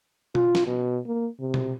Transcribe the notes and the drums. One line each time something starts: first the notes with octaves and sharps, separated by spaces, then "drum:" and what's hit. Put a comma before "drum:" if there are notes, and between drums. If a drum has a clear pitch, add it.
F4, drum: tom B2
drum: snare
B2
A#3
C3
drum: tom B2